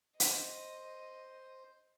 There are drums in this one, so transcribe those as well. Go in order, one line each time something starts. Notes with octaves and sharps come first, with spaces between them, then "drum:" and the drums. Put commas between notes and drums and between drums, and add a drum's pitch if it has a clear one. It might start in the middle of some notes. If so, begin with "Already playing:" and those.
C5 D#5, drum: hi-hat